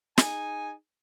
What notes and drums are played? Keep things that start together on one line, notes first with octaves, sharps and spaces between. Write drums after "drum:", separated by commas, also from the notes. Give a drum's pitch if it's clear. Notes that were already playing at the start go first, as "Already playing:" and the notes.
D#4 G#4 G#5, drum: snare